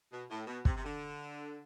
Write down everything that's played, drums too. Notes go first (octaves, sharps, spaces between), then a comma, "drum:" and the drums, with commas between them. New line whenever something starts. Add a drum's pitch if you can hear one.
B2
A2
B2
C3, drum: kick
C3
D3